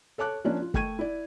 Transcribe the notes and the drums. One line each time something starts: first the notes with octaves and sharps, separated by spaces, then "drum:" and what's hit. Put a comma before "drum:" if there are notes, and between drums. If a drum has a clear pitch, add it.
A4 C#5 A5 D6 F#6
F3 A#3 C#4 D4
F4
A3 G5 C#6 G#6 D#7, drum: kick
E4 D5